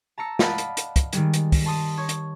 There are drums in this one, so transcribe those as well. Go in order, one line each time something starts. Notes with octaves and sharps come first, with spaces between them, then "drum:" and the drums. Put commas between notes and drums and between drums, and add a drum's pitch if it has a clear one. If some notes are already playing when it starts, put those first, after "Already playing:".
A5 A#5 E6 C#7
D5 D#5 F5 F#5 A5 B5, drum: snare
drum: hi-hat
drum: hi-hat
drum: kick, hi-hat
D#3 G3 G#3, drum: hi-hat
drum: hi-hat
drum: kick, open hi-hat
A5 C6 D#6
C#5
drum: hi-hat